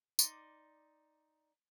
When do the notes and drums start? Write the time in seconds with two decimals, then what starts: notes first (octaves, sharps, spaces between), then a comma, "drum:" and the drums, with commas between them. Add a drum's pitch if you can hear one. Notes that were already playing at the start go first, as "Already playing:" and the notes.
0.19 D#4 D5 C6 D6, drum: tambourine